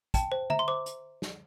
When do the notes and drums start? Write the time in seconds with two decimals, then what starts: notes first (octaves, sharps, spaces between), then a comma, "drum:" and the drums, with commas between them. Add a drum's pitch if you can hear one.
0.14 G5 A5, drum: kick, hi-hat
0.32 C5
0.50 E5 A#5, drum: tom D3
0.59 C6
0.68 C5 D6
0.86 drum: hi-hat
1.22 drum: snare